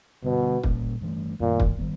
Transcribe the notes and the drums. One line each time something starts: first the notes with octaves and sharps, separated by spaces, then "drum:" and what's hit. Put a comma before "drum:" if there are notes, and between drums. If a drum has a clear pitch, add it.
B2 D3 G3 B3 D4
A#2 G3 A#3 C#4, drum: kick
G2 E3 A3
F#2 A#2 D#3 G3
drum: kick
D#3 G3 B3